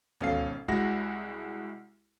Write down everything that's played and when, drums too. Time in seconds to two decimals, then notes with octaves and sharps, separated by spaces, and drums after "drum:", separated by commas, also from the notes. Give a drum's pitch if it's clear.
0.20 G#1 B2 C#4 A4 F5 C7, drum: tom D2
0.68 C2 G#3 E4 F#4 F#5 A#6, drum: kick